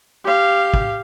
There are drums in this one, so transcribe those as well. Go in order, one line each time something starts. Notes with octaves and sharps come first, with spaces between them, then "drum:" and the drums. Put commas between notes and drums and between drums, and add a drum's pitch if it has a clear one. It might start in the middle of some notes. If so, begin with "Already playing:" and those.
G4 F5
drum: kick